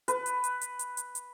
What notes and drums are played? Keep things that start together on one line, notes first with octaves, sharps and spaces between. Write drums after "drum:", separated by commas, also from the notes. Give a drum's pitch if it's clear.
B4, drum: hi-hat
drum: hi-hat
drum: hi-hat
drum: hi-hat
drum: hi-hat
drum: hi-hat
drum: hi-hat